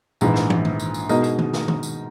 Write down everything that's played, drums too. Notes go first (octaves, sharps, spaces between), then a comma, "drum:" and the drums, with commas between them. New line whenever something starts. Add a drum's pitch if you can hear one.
A#1 G#2 E3, drum: tambourine
drum: snare
drum: tom
drum: tom D#3
drum: tambourine
drum: tambourine
B2 G#3 D#4 A#4 D#5, drum: tambourine
drum: tambourine
drum: tom D#3
drum: snare
drum: tom D#3
drum: tambourine